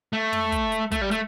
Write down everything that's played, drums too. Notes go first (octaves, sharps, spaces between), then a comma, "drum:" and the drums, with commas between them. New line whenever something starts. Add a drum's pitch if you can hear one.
A3
drum: tom
drum: kick, hi-hat
drum: hi-hat
A3, drum: kick, hi-hat
G3
A3, drum: hi-hat